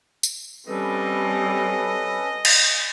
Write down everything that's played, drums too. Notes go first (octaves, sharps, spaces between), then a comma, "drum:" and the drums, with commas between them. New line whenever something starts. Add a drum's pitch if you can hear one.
drum: tambourine
G3 C4 C#4 A4 B4 D#5
drum: cymbal